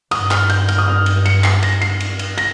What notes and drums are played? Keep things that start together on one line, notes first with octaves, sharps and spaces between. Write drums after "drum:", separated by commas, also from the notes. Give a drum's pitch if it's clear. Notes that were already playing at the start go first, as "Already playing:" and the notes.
G2 D#6, drum: cymbal
F6, drum: clap
G6, drum: cymbal
F6, drum: cymbal
D#6
F6
drum: cymbal
C#7, drum: cymbal
C7, drum: clap
A#6, drum: cymbal
C7, drum: cymbal
drum: cymbal
drum: cymbal
A#6, drum: cymbal